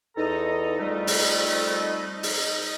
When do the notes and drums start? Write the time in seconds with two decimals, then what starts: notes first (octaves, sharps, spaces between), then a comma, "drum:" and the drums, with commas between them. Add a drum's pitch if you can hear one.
0.17 E2 D#4 A4 D#5 A#5
0.78 F2 G3 A3
1.07 drum: open hi-hat
2.23 drum: open hi-hat